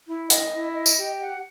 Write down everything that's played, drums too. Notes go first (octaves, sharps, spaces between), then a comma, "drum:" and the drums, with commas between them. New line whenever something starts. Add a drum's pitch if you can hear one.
E4
D#5, drum: hi-hat
E4
D#5
drum: tambourine
G4
F#5